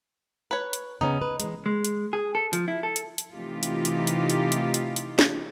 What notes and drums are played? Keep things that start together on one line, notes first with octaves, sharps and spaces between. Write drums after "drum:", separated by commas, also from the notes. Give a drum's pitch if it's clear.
B4 C#5
drum: hi-hat
C#3 B3 C#4 D#4
B4
E3 G#3, drum: hi-hat
G#3
drum: hi-hat
G#4
A4
F3, drum: hi-hat
E4
A4
drum: hi-hat
drum: hi-hat
C3 E3 A3 D#4 F4 G4
drum: hi-hat
drum: hi-hat
drum: hi-hat
drum: hi-hat
drum: hi-hat
drum: hi-hat
drum: hi-hat
drum: snare